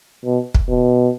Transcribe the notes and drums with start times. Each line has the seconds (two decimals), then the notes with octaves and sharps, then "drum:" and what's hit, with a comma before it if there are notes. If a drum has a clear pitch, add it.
0.25 B2
0.55 drum: kick
0.69 B2